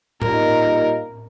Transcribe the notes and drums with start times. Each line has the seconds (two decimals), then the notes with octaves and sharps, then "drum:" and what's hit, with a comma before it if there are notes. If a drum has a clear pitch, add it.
0.22 A#2 G3 A#3 D#4 A#4, drum: tom A2